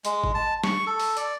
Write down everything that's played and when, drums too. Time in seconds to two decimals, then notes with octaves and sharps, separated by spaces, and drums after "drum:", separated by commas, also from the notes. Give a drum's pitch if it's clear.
0.05 G#3, drum: hi-hat
0.24 drum: kick G1
0.34 A5
0.64 C#6, drum: snare
0.87 A4
1.00 drum: open hi-hat
1.17 D5, drum: hi-hat